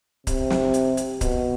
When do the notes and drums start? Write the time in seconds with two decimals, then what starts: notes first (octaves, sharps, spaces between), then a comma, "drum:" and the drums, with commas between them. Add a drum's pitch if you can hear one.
0.27 C3, drum: kick C#1, hi-hat
0.50 drum: snare
0.74 drum: hi-hat
0.97 drum: hi-hat
1.21 B2, drum: kick C#1, hi-hat